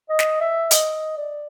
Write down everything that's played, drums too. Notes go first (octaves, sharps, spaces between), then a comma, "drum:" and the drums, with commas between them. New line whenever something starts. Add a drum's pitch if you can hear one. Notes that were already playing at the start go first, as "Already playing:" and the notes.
D#5
drum: snare
E5
D#5, drum: hi-hat
D5